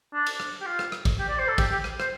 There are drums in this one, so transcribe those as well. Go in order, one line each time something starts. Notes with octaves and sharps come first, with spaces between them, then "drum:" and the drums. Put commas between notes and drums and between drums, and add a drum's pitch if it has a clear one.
D4
drum: cymbal
drum: rim click
G4
F4
drum: rim click
drum: rim click
drum: kick, cymbal
G4
D5
C5
A4
G4, drum: kick, cymbal
G4
drum: rim click
C5, drum: rim click